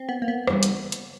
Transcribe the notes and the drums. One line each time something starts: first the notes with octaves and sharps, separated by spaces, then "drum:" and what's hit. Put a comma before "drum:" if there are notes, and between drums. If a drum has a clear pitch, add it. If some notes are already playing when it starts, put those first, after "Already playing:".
Already playing: C4
B3
A#3
B3
C#3 E3 G3, drum: rim click
drum: hi-hat
drum: hi-hat